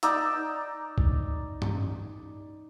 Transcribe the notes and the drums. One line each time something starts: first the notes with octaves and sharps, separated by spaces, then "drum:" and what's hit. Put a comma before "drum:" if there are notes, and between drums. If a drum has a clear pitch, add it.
D#4 D5 A#5 E6, drum: hi-hat
drum: kick B1
drum: tom G2